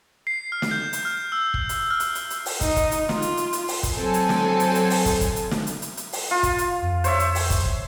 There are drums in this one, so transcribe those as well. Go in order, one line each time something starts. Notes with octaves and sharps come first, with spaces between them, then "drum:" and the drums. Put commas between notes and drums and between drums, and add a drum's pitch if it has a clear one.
C7
F6
drum: snare
G6
drum: hi-hat
F6
E6
drum: kick
drum: hi-hat
F6
drum: hi-hat
drum: hi-hat
drum: hi-hat
drum: open hi-hat
D#4, drum: kick, hi-hat
drum: kick, hi-hat
drum: hi-hat
F4, drum: snare
drum: hi-hat
drum: hi-hat
drum: hi-hat
drum: open hi-hat
drum: kick, hi-hat
F#3 C4 A4 G#5
drum: hi-hat
drum: snare
drum: hi-hat
drum: hi-hat
drum: open hi-hat
drum: kick, hi-hat
drum: kick, hi-hat
drum: hi-hat
drum: snare
drum: hi-hat
drum: hi-hat
drum: hi-hat
drum: open hi-hat
F4
drum: kick, hi-hat
drum: hi-hat
F2
C5 C#5 E5, drum: hi-hat
drum: hi-hat
drum: open hi-hat
drum: kick, hi-hat
drum: kick